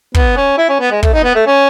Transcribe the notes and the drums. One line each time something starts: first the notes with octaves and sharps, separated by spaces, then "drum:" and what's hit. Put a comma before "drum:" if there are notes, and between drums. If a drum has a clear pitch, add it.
B3, drum: kick
C#4
E4
C#4
B3
G#3
A3, drum: kick
D#4
B3
A3
C#4